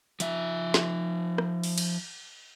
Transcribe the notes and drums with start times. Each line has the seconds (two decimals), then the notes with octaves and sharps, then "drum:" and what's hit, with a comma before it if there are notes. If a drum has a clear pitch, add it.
0.20 F3 E5, drum: hi-hat
0.74 drum: snare
1.38 drum: rim click
1.64 drum: open hi-hat
1.78 drum: cymbal